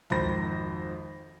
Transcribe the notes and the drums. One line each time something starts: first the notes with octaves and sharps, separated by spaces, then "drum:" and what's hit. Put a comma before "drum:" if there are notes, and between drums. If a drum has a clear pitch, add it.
G#1 F2 D#3 C5 B5 A#6, drum: tom